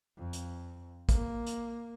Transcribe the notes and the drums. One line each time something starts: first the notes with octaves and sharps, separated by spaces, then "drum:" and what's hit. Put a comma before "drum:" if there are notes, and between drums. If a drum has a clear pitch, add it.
F2
drum: hi-hat
A#3, drum: kick A1, hi-hat
drum: hi-hat